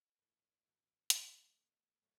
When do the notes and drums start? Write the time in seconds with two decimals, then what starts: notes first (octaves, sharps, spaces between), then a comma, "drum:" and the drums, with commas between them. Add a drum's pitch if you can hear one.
0.11 A4
0.18 G#2 E3 A3 B4
0.41 C#5
0.65 F#2 D3 F#3 B3
1.10 F#2 D3 A3 D5, drum: hi-hat
1.24 E5
1.36 D5
1.56 B2 A3
2.01 A2 F#3 A3 C#5